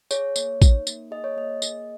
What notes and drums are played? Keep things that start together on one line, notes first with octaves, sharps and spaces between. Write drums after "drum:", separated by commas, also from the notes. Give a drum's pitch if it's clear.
G#4 C#5, drum: tambourine
A#3, drum: tambourine
D#4, drum: kick A1, tambourine
A#3, drum: tambourine
G#4 D#5
C#5
A#3 D#5
G#4, drum: tambourine